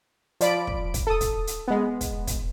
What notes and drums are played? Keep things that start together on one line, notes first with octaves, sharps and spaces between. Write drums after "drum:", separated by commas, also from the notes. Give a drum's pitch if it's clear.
F3 D5 B5 D7, drum: hi-hat
drum: kick
drum: kick, hi-hat
A4 D#6
drum: kick, hi-hat
drum: hi-hat
G#3 B3
drum: kick, hi-hat
drum: kick, hi-hat